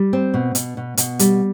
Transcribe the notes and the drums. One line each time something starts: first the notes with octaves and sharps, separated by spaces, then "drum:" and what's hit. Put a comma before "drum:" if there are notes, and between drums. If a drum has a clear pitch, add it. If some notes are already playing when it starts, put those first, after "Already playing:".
Already playing: G3
C4
B2
B2, drum: hi-hat
B2
B2, drum: hi-hat
G3, drum: hi-hat